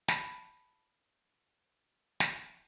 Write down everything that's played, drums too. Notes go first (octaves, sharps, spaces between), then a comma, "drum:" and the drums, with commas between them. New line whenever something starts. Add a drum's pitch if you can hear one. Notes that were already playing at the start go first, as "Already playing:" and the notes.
A5 B5, drum: snare
drum: snare